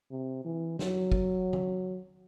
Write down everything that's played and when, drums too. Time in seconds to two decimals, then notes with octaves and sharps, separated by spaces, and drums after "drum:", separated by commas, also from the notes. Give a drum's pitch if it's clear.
0.11 C3
0.44 E3
0.79 F#3, drum: snare
1.12 drum: kick
1.53 drum: tom D#3